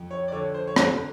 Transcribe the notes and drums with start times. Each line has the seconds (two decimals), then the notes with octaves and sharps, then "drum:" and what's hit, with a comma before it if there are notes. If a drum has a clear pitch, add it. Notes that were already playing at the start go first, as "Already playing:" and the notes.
Already playing: F2
0.11 C#5
0.28 D5
0.32 D3 C#5
0.54 C5
0.67 C#5
0.76 D3 C5, drum: rim click